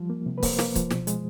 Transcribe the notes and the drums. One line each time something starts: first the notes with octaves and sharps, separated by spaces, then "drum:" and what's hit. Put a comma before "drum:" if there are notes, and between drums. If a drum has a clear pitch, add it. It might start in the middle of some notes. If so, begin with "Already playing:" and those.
Already playing: F3 G3
A#3
C3
B4
A#3 C5, drum: kick C#1, open hi-hat
A#3, drum: snare
F3, drum: kick C#1, hi-hat
B2, drum: snare
G#3, drum: hi-hat